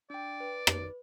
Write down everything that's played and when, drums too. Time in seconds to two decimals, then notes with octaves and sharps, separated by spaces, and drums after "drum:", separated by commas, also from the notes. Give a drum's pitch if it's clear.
0.10 D4 D5 G5
0.40 B4
0.67 drum: rim click